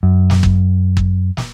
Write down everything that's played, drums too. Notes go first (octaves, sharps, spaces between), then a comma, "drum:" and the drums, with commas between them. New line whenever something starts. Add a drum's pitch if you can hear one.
F#2
drum: snare
drum: kick
drum: kick
drum: snare